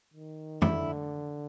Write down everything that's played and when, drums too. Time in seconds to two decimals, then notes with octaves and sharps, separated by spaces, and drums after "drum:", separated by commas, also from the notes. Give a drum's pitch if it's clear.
0.14 D#3
0.62 D3 E4, drum: tom